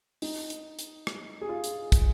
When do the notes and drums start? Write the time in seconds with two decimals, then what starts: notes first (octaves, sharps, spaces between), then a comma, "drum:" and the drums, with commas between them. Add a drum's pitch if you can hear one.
0.22 D#4, drum: open hi-hat
0.50 drum: hi-hat
0.79 drum: hi-hat
1.07 drum: rim click
1.41 G#4
1.49 F4
1.64 drum: hi-hat
1.92 drum: kick, hi-hat